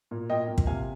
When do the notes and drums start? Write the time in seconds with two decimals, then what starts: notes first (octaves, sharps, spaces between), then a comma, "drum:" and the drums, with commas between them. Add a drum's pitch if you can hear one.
0.11 A#2
0.30 A#2 D#5 G5
0.48 A#2
0.58 drum: kick
0.67 C3 F5 G#5